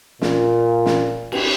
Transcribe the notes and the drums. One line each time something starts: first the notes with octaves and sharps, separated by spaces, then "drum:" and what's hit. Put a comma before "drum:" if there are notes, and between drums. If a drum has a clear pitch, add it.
A#2, drum: snare
drum: snare
drum: cymbal